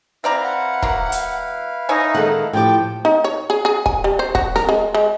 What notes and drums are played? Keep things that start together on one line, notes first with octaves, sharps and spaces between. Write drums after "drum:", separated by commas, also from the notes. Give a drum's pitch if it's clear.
C4 E4 B4 D5 F5 A#5
F#5
F#3 A#3, drum: kick
drum: hi-hat
D#4 C#5 E5 G#5
D#3 G#3 A4 F#5
A2 F3 G4 G5
D#4
C#5
G#4
G#4
G#5, drum: kick
G3
C5
F#4, drum: kick
A#4, drum: snare C4
G#3
G#3